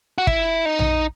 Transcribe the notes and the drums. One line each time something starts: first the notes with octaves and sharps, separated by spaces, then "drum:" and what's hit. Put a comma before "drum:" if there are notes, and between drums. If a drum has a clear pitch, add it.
F#4
E4, drum: kick
D#4
drum: tom A#1